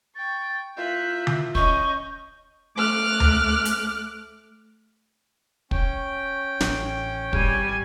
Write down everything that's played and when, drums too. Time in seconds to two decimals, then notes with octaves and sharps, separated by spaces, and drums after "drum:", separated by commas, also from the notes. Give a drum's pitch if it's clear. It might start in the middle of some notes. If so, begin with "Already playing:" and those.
0.16 G5 C#6 A6
0.77 A#3 E4 F4 E5 F#6 G6
1.27 drum: tom D3
1.55 C#4 D#5 C#6 G6, drum: kick
2.75 A3 D6 F6 F#6
3.20 drum: tom D2
3.65 drum: hi-hat
5.71 C#4 G5, drum: kick
6.60 A1, drum: snare
7.33 G#1 G3 G#5, drum: kick